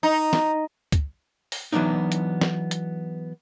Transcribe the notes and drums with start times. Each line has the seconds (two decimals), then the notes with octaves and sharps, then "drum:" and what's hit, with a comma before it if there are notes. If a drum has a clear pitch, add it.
0.03 D#4
0.33 drum: snare
0.92 drum: kick, hi-hat
1.52 drum: open hi-hat
1.73 E3 F#3 B3 D4 D#4
2.12 drum: hi-hat
2.41 drum: snare
2.71 drum: hi-hat